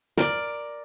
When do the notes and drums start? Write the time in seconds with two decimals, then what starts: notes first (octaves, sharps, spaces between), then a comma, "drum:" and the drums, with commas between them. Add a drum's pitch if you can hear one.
0.18 A#4 D5, drum: snare